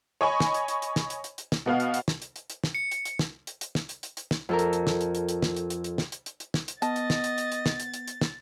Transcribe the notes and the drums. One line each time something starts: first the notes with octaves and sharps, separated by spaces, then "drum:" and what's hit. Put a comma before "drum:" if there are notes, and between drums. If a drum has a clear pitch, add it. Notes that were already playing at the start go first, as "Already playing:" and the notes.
C#5 D#5 G#5 B5 C#6
drum: snare
drum: hi-hat
drum: hi-hat
drum: hi-hat
drum: snare
drum: hi-hat
drum: hi-hat
drum: hi-hat
drum: snare
B2 B3 F5
drum: hi-hat
drum: hi-hat
drum: snare
drum: hi-hat
drum: hi-hat
drum: hi-hat
drum: snare
C#7
drum: hi-hat
drum: hi-hat
drum: snare
drum: hi-hat
drum: hi-hat
drum: snare
drum: hi-hat
drum: hi-hat
drum: hi-hat
drum: snare
F2 A4 A#4
drum: hi-hat
drum: hi-hat
drum: snare
drum: hi-hat
drum: hi-hat
drum: hi-hat
drum: snare
drum: hi-hat
drum: hi-hat
drum: hi-hat
drum: snare
drum: hi-hat
drum: hi-hat
drum: hi-hat
drum: snare
drum: hi-hat
B3 D#5 A5 A6, drum: hi-hat
drum: hi-hat
drum: snare
drum: hi-hat
drum: hi-hat
drum: hi-hat
drum: snare
drum: hi-hat
drum: hi-hat
drum: hi-hat
drum: snare